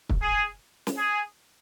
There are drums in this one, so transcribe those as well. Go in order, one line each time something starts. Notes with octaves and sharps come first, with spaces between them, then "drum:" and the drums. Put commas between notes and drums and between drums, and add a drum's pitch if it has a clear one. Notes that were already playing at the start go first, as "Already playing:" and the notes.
drum: kick
G#4
drum: snare
G#4